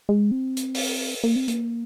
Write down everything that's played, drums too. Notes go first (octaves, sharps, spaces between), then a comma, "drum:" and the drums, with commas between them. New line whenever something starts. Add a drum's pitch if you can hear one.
G#3
C4
drum: hi-hat
drum: open hi-hat
A#3
C4
A#3, drum: hi-hat